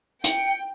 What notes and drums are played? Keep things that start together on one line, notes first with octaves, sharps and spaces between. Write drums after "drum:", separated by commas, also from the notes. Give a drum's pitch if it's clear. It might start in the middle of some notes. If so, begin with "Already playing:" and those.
G5 C#7, drum: hi-hat